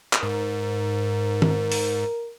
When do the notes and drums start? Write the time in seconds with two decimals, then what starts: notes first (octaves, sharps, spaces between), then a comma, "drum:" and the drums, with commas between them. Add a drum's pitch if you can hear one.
0.13 drum: clap
0.23 G#2 A#4
1.42 drum: tom
1.72 drum: open hi-hat